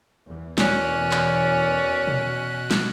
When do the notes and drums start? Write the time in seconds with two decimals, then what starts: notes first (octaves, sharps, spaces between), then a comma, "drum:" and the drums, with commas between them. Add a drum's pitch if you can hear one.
0.27 E2 E3
0.58 B2 C#4 A#4 C#5 D5 F#6, drum: snare
1.11 drum: clap
2.07 drum: tom B2
2.71 drum: snare